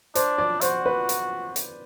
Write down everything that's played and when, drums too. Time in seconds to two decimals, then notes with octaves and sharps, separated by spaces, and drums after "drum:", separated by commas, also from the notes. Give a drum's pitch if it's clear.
0.15 D4 C5, drum: hi-hat
0.38 D5
0.61 F#4 C5, drum: hi-hat
0.86 B4
1.09 drum: hi-hat
1.56 drum: hi-hat